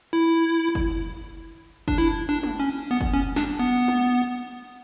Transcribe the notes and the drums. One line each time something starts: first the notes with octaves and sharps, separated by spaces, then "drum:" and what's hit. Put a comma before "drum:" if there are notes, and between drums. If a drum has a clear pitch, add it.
E4
drum: kick
D4, drum: kick
E4
D4
drum: tom
C#4
B3
drum: kick
C#4
D4, drum: snare
B3
drum: tom